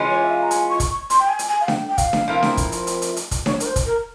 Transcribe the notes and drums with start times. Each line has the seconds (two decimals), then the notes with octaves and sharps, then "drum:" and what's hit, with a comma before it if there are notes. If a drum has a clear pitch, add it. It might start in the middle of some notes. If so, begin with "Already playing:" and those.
Already playing: E3 G#3 C#4 F4
0.10 C#5
0.22 E5
0.31 F5
0.42 A#5
0.51 G#5, drum: hi-hat
0.70 C#6
0.80 drum: kick, hi-hat
0.90 C#6
1.10 C6, drum: hi-hat
1.19 G5
1.29 G#5
1.39 drum: hi-hat
1.49 G#5
1.61 F5
1.68 G5, drum: snare D4
1.89 G5
1.98 F5, drum: kick, hi-hat
2.13 drum: snare D4
2.28 F3 C4 E4 A#4
2.43 drum: snare D4
2.57 drum: kick, hi-hat
2.72 drum: hi-hat
2.87 drum: hi-hat
3.02 drum: hi-hat
3.17 drum: hi-hat
3.31 drum: kick, hi-hat
3.46 C#5, drum: snare D4
3.60 A#4, drum: hi-hat
3.66 C5
3.76 drum: kick, hi-hat
3.86 A#4